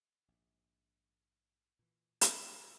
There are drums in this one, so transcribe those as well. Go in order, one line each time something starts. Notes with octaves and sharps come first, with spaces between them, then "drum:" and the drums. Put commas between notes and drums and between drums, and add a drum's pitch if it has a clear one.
A#1 G#2
A#2 E3
drum: hi-hat
E3 A4 C6